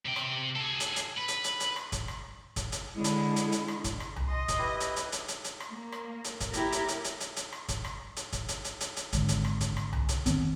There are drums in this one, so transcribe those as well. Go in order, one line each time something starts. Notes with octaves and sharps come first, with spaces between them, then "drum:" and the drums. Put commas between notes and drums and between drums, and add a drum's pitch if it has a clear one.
C3 G5
drum: rim click
G#4 A4
drum: hi-hat
drum: hi-hat
B4
drum: hi-hat
drum: hi-hat
drum: hi-hat
drum: rim click
drum: kick, hi-hat
drum: rim click
drum: kick, hi-hat
drum: hi-hat
D3 G#3 E4
drum: hi-hat
drum: hi-hat
drum: hi-hat
drum: rim click
drum: kick, hi-hat
drum: rim click
drum: tom C2
D#5 C6
drum: kick, hi-hat
E4 G4 B4
drum: hi-hat
drum: hi-hat
drum: hi-hat
drum: hi-hat
drum: hi-hat
drum: rim click
A#3
drum: rim click
drum: hi-hat
drum: kick, hi-hat
E4 G4 A#4, drum: hi-hat
drum: hi-hat
drum: hi-hat
drum: hi-hat
drum: hi-hat
drum: hi-hat
drum: rim click
drum: kick, hi-hat
drum: rim click
drum: hi-hat
drum: kick, hi-hat
drum: hi-hat
drum: hi-hat
drum: hi-hat
drum: hi-hat
G#1 D3, drum: hi-hat
drum: hi-hat
drum: rim click
drum: kick, hi-hat
drum: rim click
drum: tom C2
drum: hi-hat
D#3 B3 C4, drum: kick, hi-hat